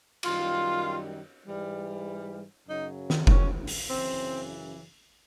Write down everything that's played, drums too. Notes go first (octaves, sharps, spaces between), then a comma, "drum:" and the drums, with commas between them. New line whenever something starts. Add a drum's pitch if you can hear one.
F#2 D#3 G3 F4, drum: cymbal
G#2 E3 G3
F#2 C#3 F#3 D#4
drum: snare
C#4, drum: kick F1
drum: open hi-hat
F#2 C#3 E3 C4